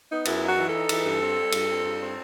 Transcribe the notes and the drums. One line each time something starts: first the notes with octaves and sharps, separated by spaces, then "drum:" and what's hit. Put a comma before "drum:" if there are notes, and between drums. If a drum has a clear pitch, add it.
B3 D#4
F#2 E4, drum: cymbal
D#4 F#4
E3
D#4 A4
E3, drum: cymbal
G2
C4
G3
G2, drum: cymbal
C4
G2
C4